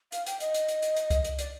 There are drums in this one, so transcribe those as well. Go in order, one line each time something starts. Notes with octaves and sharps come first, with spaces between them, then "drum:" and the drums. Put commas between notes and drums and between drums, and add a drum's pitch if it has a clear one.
F5, drum: hi-hat
G5, drum: hi-hat
D#5, drum: hi-hat
drum: hi-hat
drum: hi-hat
drum: hi-hat
drum: hi-hat
drum: kick C2, hi-hat
drum: hi-hat
D5, drum: hi-hat